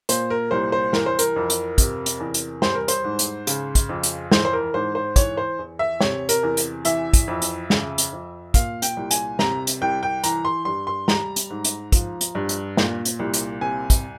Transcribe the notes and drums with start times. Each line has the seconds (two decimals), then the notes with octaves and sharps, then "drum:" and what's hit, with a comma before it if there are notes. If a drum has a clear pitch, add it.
0.09 A#2 C5, drum: hi-hat
0.30 A#4
0.51 C2 C5
0.72 C5
0.93 E3 A#4, drum: snare
1.06 C5
1.19 A#4, drum: hi-hat
1.36 F2
1.50 drum: hi-hat
1.78 C3, drum: kick, hi-hat
2.06 drum: hi-hat
2.20 E2
2.34 drum: hi-hat
2.62 G3 C5, drum: snare
2.75 A#4
2.88 C5, drum: hi-hat
3.04 G#2
3.19 drum: hi-hat
3.47 C#3, drum: hi-hat
3.75 drum: kick, hi-hat
3.89 F2
4.03 drum: hi-hat
4.31 E3 C5, drum: snare
4.45 C5
4.53 A#4
4.74 G#2 C5
4.95 C5
5.16 E3 C#5, drum: kick, hi-hat
5.37 C5
5.59 E2
5.79 E5
6.01 C3 C#5, drum: snare
6.29 A#4, drum: hi-hat
6.43 E2
6.57 drum: hi-hat
6.85 E3 E5, drum: hi-hat
7.13 drum: kick, hi-hat
7.28 F2
7.42 drum: hi-hat
7.70 C#3, drum: snare
7.98 drum: hi-hat
8.12 F2
8.54 A#2 F5, drum: kick, hi-hat
8.82 G5, drum: hi-hat
8.97 C2
9.11 G#5, drum: hi-hat
9.39 C3 A#5, drum: snare
9.67 drum: hi-hat
9.81 C2 G5
10.03 G5
10.24 E3 A#5, drum: hi-hat
10.45 C6
10.65 G2 C6
10.87 C6
11.08 G3 A#5, drum: snare
11.36 drum: hi-hat
11.50 G#2
11.64 drum: hi-hat
11.92 F3, drum: kick, hi-hat
12.21 drum: hi-hat
12.35 G2
12.49 drum: hi-hat
12.77 A#2, drum: snare
13.05 drum: hi-hat
13.19 C2
13.34 drum: hi-hat
13.61 C3 G#5
13.90 drum: kick, hi-hat